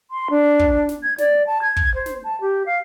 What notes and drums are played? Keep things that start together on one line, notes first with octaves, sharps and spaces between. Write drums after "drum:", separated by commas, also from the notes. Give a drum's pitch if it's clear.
C6
D4
drum: kick
drum: snare
G#6
D5, drum: snare
A5
G#6
drum: kick
C5
drum: snare
A5
G4
F5